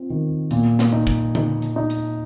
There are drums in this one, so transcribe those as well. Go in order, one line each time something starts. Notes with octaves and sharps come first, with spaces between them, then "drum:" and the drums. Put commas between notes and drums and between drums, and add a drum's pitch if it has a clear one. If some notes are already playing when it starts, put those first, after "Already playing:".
Already playing: C4 F4
D#3
A#2, drum: hi-hat
drum: snare
D#4
drum: kick, hi-hat
D#4, drum: tom D3
drum: hi-hat
D#4
drum: hi-hat